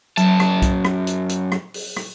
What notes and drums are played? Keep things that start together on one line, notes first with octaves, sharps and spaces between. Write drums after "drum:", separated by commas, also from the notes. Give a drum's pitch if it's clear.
F#2 F#3 A5, drum: hi-hat
drum: rim click
drum: kick B1, hi-hat
drum: rim click
drum: hi-hat
drum: hi-hat
drum: rim click
drum: open hi-hat
drum: rim click